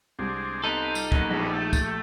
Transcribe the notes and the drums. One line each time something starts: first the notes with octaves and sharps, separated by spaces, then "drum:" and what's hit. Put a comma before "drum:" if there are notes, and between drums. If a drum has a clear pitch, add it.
C2 G#3 C4 D4
B3 C4 D#4 G4 A4
G3 F4, drum: tambourine
F#2 F#3 A#3 B3, drum: kick
A#1 B2 G3
A3 G4
drum: kick, tambourine